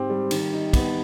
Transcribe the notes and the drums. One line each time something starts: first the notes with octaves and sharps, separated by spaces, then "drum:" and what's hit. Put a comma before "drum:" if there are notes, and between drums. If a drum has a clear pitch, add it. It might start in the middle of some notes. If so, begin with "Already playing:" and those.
Already playing: G#2 C4 G4
G3
D#3, drum: cymbal
D#4
B3, drum: kick, cymbal